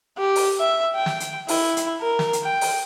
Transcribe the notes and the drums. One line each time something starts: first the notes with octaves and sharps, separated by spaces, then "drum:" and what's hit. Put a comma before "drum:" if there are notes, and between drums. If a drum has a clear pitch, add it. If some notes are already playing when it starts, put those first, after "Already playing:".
G4
drum: open hi-hat
E5
G5
drum: snare
drum: hi-hat
E4, drum: open hi-hat
drum: hi-hat
A#4
drum: snare
drum: hi-hat
G5
drum: open hi-hat